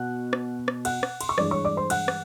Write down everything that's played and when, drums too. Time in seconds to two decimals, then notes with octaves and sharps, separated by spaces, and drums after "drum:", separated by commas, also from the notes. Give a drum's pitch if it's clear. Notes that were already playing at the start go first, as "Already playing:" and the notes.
Already playing: B2 B3 F#5 F#6
0.33 drum: rim click
0.68 drum: rim click
0.85 F#5 F#6, drum: cymbal
1.03 drum: rim click
1.21 C6, drum: cymbal
1.29 C#6
1.38 G2 E3 G#3 D5 D6, drum: rim click
1.51 C#5 C#6
1.65 D5 D6
1.77 C5 C6
1.90 F#5 F#6, drum: cymbal
2.08 drum: rim click